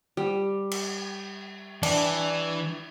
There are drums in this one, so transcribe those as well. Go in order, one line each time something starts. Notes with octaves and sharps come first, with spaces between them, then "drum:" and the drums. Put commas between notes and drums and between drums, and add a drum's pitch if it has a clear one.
G3
drum: cymbal
E3 D4, drum: cymbal